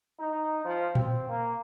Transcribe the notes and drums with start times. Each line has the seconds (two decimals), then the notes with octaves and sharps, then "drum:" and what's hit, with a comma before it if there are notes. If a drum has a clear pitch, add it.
0.18 D#4
0.65 F3
0.95 C4, drum: tom A#2
1.28 A#3